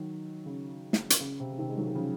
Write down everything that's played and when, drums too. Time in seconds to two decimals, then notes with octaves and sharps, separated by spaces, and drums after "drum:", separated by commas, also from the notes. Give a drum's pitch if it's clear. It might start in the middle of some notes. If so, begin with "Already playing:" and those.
Already playing: D#3 F#3
0.46 C#3
0.93 drum: snare
1.10 drum: hi-hat
1.20 C#3
1.40 C3
1.52 C#3
1.58 C3 D#3
1.69 G#3
1.77 D#3 F#3
1.88 D#3
1.95 C#3 F3